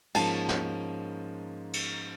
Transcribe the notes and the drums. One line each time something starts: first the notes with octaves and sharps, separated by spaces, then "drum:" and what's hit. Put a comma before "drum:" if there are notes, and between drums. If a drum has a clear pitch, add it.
G#2 F3 A#3 C#4 A5, drum: cymbal
drum: snare
drum: cymbal